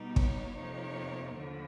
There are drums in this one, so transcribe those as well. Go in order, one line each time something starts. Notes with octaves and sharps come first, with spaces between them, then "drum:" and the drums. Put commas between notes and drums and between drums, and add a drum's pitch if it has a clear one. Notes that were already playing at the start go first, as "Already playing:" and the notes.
Already playing: B2 G3 B3 D#4
C#5, drum: kick
F2 C3 F3 A#3 D#4 C#5
D#2 D3 F3